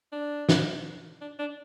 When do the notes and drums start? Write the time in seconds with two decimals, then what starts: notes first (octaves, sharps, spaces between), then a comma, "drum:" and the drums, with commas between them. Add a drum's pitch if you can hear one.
0.12 D4
0.49 drum: snare
1.21 D4
1.39 D4